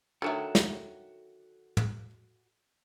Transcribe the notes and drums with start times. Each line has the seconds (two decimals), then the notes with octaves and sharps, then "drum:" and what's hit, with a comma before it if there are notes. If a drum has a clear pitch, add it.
0.22 D3 D#3 F#3 F#4 A4 E5
0.55 drum: snare
1.77 drum: tom